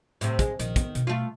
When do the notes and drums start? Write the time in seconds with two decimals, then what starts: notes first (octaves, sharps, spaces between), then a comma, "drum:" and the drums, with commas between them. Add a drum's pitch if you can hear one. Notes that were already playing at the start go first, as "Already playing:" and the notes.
0.21 A2 C3, drum: hi-hat
0.39 G#3, drum: kick, hi-hat
0.59 A#1 D#3, drum: hi-hat
0.76 B3, drum: kick, hi-hat
0.95 B2, drum: hi-hat
1.07 A3 F4